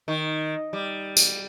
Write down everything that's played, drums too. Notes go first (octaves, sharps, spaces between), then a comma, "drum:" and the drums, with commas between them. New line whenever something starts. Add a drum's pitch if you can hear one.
D#3
G3
drum: tambourine